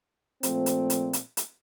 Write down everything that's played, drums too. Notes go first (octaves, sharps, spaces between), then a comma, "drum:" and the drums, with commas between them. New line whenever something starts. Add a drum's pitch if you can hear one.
A#2 F3 A3 C4, drum: hi-hat
drum: hi-hat
drum: hi-hat
drum: hi-hat
drum: hi-hat